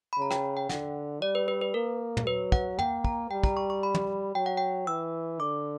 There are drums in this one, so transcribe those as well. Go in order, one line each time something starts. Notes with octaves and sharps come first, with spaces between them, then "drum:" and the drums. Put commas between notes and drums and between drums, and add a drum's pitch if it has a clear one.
B5
C#3 A#5
G5, drum: rim click
G5
D3 F#5, drum: snare
G3 D5
B4
B4
B4
A#3 A#4
drum: tom
F#3 B4
F#5, drum: kick
A#3 G5, drum: tom
A#5, drum: kick
G3 G5
A#5, drum: kick
C#6
C#6
B5
drum: tom
F#3 G5
F#5
G5
E3 E6
D3 D6